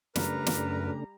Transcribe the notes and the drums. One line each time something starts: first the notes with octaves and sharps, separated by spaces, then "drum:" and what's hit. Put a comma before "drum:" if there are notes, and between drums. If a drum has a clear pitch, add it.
F#2 C#3 G3 A3 D4 A#4 B4 A#5, drum: snare
drum: snare